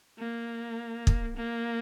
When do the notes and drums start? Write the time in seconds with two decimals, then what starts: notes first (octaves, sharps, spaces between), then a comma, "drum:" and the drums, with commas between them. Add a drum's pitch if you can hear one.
0.19 A#3
1.07 drum: kick
1.37 A#3